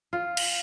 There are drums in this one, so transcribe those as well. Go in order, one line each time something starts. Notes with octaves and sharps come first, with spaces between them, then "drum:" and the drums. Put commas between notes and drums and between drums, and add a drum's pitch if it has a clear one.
F4
drum: cymbal